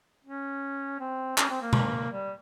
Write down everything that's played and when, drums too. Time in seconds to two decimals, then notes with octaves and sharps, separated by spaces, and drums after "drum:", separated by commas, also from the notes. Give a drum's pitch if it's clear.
0.25 C#4
1.00 C4
1.38 C#4, drum: clap
1.49 C4
1.62 A#3
1.73 drum: tom B2
2.12 G3